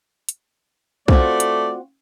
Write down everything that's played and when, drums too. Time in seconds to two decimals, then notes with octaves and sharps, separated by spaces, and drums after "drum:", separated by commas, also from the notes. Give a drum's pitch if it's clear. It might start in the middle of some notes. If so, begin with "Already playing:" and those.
0.29 drum: hi-hat
1.08 A3 C4 F4 F#4 D5, drum: kick B1
1.40 drum: hi-hat